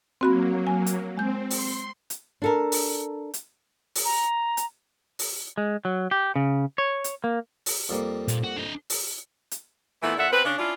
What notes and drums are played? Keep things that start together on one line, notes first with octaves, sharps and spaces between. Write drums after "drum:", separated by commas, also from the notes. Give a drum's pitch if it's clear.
F#3 A#3 C4 F#4 B5
G#5
drum: hi-hat
G#3 C4 G6
C6, drum: open hi-hat
drum: hi-hat
D4 A4 A#4
drum: open hi-hat
drum: hi-hat
drum: open hi-hat
A#5
drum: hi-hat
drum: open hi-hat
G#3
F#3
G4
C#3
C#5
drum: hi-hat
A#3
drum: open hi-hat
F2 G3 A#3
A#2, drum: hi-hat
F#4
D4 D#5
drum: open hi-hat
drum: hi-hat
A#2 E3 A3 B3 E4
A#2 D3 A4 E5 F#5
B2 C4 B4
C#3 D4
C#4 D4 E4 F4